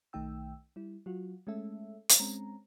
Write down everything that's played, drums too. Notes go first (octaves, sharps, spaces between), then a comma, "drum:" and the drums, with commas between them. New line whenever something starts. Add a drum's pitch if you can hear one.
B1 D#3 A3 D#4 G5 E6
G3 E4
F#3 F4 F#4
G#3 A3 C#4 A4 E5
drum: hi-hat
G#3 C4 C#4 A#5